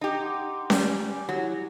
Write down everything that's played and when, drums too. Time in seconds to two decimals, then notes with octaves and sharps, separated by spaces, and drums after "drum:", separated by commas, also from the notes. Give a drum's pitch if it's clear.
0.01 D#4 G4
0.20 F#5 C6 D6
0.70 G3 G4 G#5, drum: snare C#4
1.29 F#3 E4 C#5